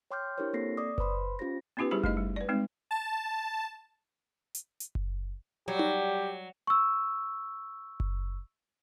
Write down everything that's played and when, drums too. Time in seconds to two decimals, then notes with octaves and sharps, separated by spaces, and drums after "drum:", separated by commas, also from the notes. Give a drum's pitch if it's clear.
0.11 C#5 G5 C6 D6 F6 G6
0.38 D4 E4 G4 A#4 C5 C#5
0.53 A#3 C4 A4 A#6 C7
0.77 D5 D6 D#6
0.98 B4 C5 B5 C6, drum: kick F#1
1.39 C#4 F4 G4 C5 A#6
1.77 B3 C#4 D#4 F4 G4 B4
1.91 G3 E4 G4 G#4 C5 B5
2.03 A3 D#4 D#5, drum: kick F#1
2.17 G3
2.36 B4 D5
2.49 G#3 C4 D#4
2.91 A5
4.55 drum: hi-hat
4.80 drum: hi-hat
4.95 drum: kick F#1
5.68 F#3 G3 G4
5.79 drum: tom D#4
6.67 C#6 E6
8.00 drum: kick F#1